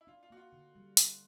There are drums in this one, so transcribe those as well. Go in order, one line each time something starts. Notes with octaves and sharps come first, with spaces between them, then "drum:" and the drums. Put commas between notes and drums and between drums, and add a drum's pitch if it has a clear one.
E4
D4 F4
F4
A#3 F#4
F4
D3
G3
D4, drum: hi-hat